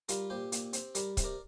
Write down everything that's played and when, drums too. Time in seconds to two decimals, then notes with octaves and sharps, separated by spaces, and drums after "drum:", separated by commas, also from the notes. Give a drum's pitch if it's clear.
0.09 G3 F4 A#4, drum: hi-hat
0.30 A#2 G4 C5
0.52 A#2, drum: hi-hat
0.73 C4, drum: hi-hat
0.95 G3 A#4 D5, drum: hi-hat
1.17 C3, drum: kick C#1, hi-hat
1.24 A#4 D5